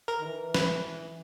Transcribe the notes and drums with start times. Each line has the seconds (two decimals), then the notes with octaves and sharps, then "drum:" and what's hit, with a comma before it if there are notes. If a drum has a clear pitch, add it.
0.08 A#4
0.19 D#3
0.24 E3
0.54 B4, drum: snare